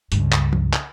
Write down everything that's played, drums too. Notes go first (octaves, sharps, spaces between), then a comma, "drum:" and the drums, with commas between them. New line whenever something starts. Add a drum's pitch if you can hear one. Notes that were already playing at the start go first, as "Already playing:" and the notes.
C#2 G2, drum: hi-hat
drum: clap
drum: tom
drum: clap